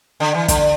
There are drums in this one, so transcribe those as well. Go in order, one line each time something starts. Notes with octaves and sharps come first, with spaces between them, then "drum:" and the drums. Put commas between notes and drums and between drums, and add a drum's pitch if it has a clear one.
D3
E3
D3, drum: kick, hi-hat